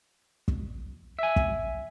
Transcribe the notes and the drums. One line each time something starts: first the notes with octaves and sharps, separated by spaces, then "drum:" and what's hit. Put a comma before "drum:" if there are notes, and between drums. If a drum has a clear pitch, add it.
drum: kick
E5 G#5
drum: kick